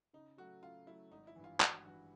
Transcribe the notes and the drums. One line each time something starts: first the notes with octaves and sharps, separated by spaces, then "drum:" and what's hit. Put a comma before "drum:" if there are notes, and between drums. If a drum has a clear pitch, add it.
C#3 D#4
F#3 A3 F#4
C#3 F4
F#3 A3 E4
G#1 D#4
E4
G2 E3
F4
G#1 F#4, drum: clap
G2 E3 F#4